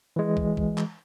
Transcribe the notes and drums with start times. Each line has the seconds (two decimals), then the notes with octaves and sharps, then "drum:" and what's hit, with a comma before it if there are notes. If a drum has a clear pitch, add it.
0.16 E3 G#3
0.37 drum: kick
0.57 drum: kick
0.78 drum: clap